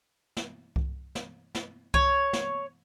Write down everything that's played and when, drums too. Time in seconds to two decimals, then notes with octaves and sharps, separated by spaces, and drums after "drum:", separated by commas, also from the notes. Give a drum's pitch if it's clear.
0.37 drum: snare
0.76 drum: kick C2
1.15 drum: snare
1.55 drum: snare
1.94 C#5, drum: kick C2
2.33 drum: snare